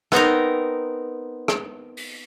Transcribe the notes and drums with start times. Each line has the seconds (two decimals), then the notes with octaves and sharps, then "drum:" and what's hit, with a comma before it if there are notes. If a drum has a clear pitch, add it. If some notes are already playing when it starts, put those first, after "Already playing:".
0.12 B3 C4 D#4 A#4, drum: rim click
1.48 drum: rim click
1.97 drum: open hi-hat